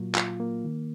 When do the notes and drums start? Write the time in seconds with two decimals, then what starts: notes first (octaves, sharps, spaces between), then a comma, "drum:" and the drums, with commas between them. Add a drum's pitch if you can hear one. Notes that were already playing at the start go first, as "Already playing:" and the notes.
Already playing: A#2 F#3 A#3 F4
0.15 F4, drum: clap
0.40 A#3
0.65 D#3